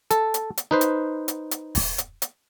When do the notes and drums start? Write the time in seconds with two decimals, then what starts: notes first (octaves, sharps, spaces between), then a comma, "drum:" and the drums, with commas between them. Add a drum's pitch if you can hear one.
0.11 A4, drum: hi-hat
0.34 drum: hi-hat
0.57 drum: hi-hat
0.71 D#4 B4 C5
0.81 drum: hi-hat
1.28 drum: hi-hat
1.51 drum: hi-hat
1.75 drum: kick D#1, open hi-hat
1.98 drum: hi-hat
2.22 drum: hi-hat